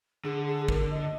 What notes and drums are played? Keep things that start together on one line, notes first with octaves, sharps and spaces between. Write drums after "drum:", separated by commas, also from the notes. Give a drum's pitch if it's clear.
D3 G#4
G#4
A#4, drum: kick
D#5